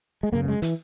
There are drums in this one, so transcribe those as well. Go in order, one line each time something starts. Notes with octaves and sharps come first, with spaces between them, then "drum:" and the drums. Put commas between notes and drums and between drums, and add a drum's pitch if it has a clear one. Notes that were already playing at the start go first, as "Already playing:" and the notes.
G#3
F#2 C#3 A#3
A#3
G#3
E3, drum: hi-hat